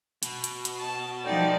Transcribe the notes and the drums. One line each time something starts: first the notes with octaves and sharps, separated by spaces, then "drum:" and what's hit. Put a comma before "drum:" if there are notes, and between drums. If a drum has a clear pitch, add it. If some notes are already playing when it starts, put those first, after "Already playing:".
B2, drum: hi-hat
drum: hi-hat
drum: hi-hat
A5
F3 A3 D#4 D5 G5